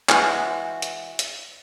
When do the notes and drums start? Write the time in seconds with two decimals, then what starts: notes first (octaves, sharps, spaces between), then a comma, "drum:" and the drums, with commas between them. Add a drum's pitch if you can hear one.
0.09 E3 G#3 F#4, drum: clap
0.82 drum: hi-hat
1.19 drum: hi-hat